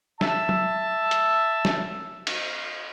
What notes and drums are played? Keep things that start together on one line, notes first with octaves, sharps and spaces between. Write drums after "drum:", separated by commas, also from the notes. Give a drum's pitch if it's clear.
E5 A5, drum: snare
drum: tom
drum: hi-hat
drum: snare
drum: cymbal